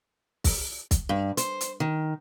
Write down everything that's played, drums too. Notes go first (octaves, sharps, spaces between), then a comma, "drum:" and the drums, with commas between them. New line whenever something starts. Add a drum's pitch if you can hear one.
drum: kick, open hi-hat
drum: kick, hi-hat
G2
C5, drum: hi-hat
drum: hi-hat
D#3